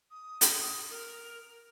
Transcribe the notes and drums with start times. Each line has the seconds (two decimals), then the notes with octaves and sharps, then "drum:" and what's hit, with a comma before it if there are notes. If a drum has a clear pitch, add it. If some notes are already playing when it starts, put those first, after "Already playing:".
0.11 D#6
0.41 drum: hi-hat
0.90 A#4